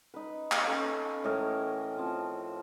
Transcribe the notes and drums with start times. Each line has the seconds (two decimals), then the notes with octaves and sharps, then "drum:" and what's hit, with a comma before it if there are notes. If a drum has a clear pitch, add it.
0.14 D#4 B4
0.52 drum: clap
0.64 C#4 A4 B4 C#5
1.24 A2 E3 A#4 D#5
1.97 F3 C4